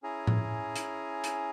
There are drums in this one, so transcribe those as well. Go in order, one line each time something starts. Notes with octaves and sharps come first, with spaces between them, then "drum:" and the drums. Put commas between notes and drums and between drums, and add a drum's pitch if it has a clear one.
C#4 E4 G#4 G#5 A#5
drum: tom A2
drum: hi-hat
drum: hi-hat